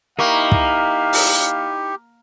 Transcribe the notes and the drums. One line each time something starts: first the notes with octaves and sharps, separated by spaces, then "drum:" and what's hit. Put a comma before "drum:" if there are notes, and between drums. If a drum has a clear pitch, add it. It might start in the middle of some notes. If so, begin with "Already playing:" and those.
A#3 D#4 E4 G4 F5 C#6
drum: kick
drum: open hi-hat